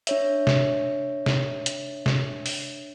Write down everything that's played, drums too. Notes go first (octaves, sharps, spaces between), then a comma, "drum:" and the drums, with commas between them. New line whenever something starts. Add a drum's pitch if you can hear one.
D4 C#5 E5, drum: hi-hat
drum: snare
drum: snare
drum: hi-hat
drum: snare
drum: open hi-hat